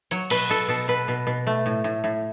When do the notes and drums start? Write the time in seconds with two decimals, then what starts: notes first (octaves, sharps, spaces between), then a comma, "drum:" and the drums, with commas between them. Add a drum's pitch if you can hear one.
0.11 F#3 C#5, drum: hi-hat
0.30 B2 B4, drum: cymbal
0.49 B2 A4
0.68 B2 A4
0.88 B2 B4
1.08 B2
1.27 B2
1.47 A3
1.66 A2
1.84 A2
2.04 A2